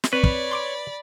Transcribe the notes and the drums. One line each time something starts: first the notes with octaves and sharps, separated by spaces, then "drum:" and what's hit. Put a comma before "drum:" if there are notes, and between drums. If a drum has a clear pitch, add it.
drum: snare
C4 B4 C#5 D5 B5
drum: kick
C6 D6 D7